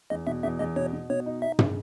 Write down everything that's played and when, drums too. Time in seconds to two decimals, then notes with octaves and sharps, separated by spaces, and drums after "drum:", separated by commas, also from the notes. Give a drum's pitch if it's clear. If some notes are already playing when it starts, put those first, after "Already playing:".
0.10 E2 D#5
0.27 B2 E5
0.43 E2 E5
0.59 E2 D#5
0.76 B2 C#5
0.93 B2
1.10 B2 C#5
1.26 D#4
1.42 D#4 E5
1.59 C#3, drum: tom